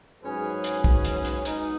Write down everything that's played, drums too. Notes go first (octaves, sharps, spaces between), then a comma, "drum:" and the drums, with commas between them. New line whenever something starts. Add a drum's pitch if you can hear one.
G#2 F#3 C#4 G#4 B4
drum: hi-hat
drum: kick B1
drum: hi-hat
drum: hi-hat
G#3 B3 D#4, drum: hi-hat